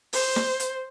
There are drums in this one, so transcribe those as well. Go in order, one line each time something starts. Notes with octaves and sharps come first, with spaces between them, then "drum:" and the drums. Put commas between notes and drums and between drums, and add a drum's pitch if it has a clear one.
C5, drum: open hi-hat
drum: snare
drum: hi-hat